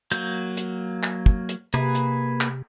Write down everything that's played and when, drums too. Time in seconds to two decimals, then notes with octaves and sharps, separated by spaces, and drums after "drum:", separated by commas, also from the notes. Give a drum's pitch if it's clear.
0.11 F#3 A#3 G6, drum: hi-hat
0.57 drum: hi-hat
1.03 drum: clap
1.26 drum: kick
1.49 drum: hi-hat
1.74 C3 A#3 G#4 B4
1.95 drum: hi-hat
2.41 drum: clap